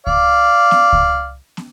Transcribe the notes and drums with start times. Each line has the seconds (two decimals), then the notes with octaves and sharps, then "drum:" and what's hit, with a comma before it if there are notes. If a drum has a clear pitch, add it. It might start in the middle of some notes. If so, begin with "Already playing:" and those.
0.07 D5 F5, drum: kick C#2
0.71 drum: snare
0.93 drum: kick C#2
1.57 drum: snare